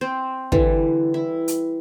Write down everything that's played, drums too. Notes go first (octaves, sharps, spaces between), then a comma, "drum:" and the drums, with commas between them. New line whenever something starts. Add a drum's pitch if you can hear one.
C4 C5
D3 E3 G3, drum: kick
E4
drum: hi-hat